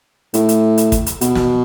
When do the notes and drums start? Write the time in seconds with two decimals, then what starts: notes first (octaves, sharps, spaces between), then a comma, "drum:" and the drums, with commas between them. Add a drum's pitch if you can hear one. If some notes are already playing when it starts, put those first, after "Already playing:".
0.34 A2, drum: hi-hat
0.49 drum: hi-hat
0.78 drum: hi-hat
0.92 drum: kick, hi-hat
1.06 drum: hi-hat
1.21 B2, drum: hi-hat
1.35 drum: snare